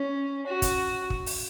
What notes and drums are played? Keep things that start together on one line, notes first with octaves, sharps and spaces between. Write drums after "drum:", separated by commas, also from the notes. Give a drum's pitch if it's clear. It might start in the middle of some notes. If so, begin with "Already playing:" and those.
Already playing: C#4
F#4
drum: kick, hi-hat
drum: kick
drum: open hi-hat